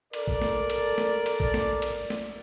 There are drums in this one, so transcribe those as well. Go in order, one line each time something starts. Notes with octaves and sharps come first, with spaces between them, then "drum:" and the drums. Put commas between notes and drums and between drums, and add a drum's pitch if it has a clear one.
A4 A#4 D5, drum: cymbal
drum: kick A1
drum: snare
drum: cymbal
drum: snare
drum: cymbal
drum: kick A1
drum: snare
drum: cymbal
drum: snare